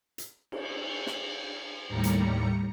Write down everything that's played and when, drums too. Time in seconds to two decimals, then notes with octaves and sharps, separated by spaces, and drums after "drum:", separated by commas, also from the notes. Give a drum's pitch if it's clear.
0.18 drum: hi-hat
0.52 drum: cymbal
1.07 drum: snare
1.88 D#2 A2 G3 A#5 C#7
2.04 drum: hi-hat